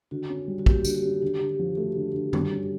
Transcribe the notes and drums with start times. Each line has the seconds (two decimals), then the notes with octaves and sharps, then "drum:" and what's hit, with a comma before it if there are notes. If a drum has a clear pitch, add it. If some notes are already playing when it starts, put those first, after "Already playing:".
0.11 D3 F#4
0.30 C#4
0.48 G3
0.59 F#4
0.66 A#3 G4, drum: kick
0.85 D3 F#4, drum: tambourine
0.95 G4
1.04 C#4
1.22 D3 G4
1.41 D3
1.59 F3
1.77 A3 F#4
1.96 D3
2.14 D3
2.33 G2, drum: tom D#3
2.52 C#4